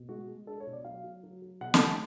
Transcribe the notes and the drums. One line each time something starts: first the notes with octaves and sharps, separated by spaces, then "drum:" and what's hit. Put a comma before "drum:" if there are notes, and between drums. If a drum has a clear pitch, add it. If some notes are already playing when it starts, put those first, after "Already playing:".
Already playing: B2
G#3 F#4
G#3
D4 A4
C#5
B2
D5
F#3 F5
F#3
F#3
F#3
B2 F#5
F#5, drum: snare
A3 A5
G#5